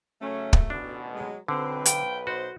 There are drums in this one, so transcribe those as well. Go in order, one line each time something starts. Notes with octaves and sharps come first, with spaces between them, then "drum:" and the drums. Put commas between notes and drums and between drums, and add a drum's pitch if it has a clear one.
C#3 F#3 A3 C#4
drum: kick
A1 D2 B2 D4
F#3 G#3
B1 D3 C4 B4
C5 F5 G5, drum: hi-hat
B2 D#4 F#4 C5